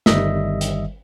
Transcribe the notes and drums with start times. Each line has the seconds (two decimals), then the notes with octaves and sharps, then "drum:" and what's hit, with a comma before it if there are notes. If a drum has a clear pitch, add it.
0.06 G1 D#3 G3 D#5 E5, drum: snare
0.61 drum: hi-hat